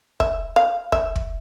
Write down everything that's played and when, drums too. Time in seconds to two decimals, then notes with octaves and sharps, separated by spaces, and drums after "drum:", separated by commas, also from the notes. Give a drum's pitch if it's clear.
0.20 E5, drum: kick
0.56 F5
0.92 E5, drum: kick
1.16 drum: kick